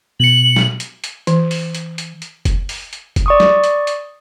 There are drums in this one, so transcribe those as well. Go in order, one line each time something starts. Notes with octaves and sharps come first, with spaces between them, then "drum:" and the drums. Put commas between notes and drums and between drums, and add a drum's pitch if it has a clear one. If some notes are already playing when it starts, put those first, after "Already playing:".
B2 C#7 F#7
drum: snare
drum: hi-hat
drum: hi-hat
E3, drum: hi-hat
drum: open hi-hat
drum: hi-hat
drum: hi-hat
drum: hi-hat
drum: kick F1, hi-hat
drum: open hi-hat
drum: hi-hat
drum: kick F1, hi-hat
D5 C#6 D#6
drum: snare
drum: hi-hat
drum: hi-hat